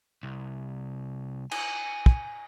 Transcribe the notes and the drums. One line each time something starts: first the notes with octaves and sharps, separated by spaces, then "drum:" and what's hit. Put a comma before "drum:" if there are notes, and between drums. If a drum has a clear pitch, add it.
C2
G#5, drum: cymbal
drum: kick